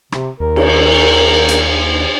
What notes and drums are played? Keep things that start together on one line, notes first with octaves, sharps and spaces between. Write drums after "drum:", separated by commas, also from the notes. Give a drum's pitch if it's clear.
C3, drum: rim click
D#2 A#4
drum: cymbal
drum: hi-hat